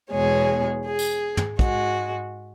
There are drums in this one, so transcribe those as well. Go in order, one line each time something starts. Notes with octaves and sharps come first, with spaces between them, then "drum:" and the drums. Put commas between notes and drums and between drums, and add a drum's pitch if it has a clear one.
E2 B2 G#3 G#4 C#5
G#4
drum: tambourine
drum: tom
G#2 G#3 F#4, drum: kick